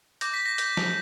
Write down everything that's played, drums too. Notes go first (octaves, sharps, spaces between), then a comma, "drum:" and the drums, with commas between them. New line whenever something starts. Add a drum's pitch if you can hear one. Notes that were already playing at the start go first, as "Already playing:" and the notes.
D6 G6 A#6, drum: hi-hat
B6
A#6
G6, drum: hi-hat
drum: snare